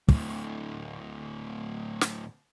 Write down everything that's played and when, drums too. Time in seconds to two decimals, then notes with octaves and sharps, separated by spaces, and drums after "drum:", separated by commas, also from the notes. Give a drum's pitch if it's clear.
0.08 D2 A2, drum: kick
2.01 drum: snare